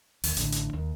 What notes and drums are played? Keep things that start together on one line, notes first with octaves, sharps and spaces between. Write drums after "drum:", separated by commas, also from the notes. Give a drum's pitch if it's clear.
D#2, drum: open hi-hat
A1 D3, drum: hi-hat
drum: hi-hat
D#2